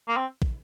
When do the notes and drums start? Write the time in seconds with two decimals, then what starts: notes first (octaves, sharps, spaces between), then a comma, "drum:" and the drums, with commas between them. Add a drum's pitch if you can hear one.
0.08 A#3
0.17 C4
0.42 drum: kick